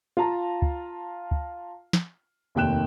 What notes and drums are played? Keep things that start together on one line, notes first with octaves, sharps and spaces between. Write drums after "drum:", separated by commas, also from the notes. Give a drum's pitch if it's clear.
F4 F5 A5 A#5
drum: kick
drum: kick
drum: snare
F1 D#2 D#3 G5 F#6 E7